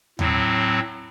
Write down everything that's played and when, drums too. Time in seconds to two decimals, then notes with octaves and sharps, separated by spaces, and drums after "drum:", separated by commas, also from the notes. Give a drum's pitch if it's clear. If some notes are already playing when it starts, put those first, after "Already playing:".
0.19 A2 F#3 C4, drum: tom D#2